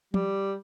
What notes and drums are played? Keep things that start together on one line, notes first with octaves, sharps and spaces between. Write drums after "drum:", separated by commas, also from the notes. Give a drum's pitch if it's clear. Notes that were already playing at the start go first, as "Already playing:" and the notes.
G3, drum: tom